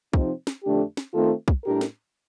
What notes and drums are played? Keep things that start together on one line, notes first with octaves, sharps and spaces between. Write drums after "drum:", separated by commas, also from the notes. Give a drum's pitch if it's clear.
C3 F3 C4 D#4, drum: kick
drum: snare
F2 D3 A3 D4 G4
drum: snare
D#3 A3 C4 F4 A4
drum: kick
A2 G3 D4 G4 A#4
drum: snare